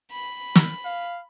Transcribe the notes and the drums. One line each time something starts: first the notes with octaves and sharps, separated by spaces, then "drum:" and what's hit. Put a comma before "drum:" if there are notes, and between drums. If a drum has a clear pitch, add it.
B5
drum: snare
F5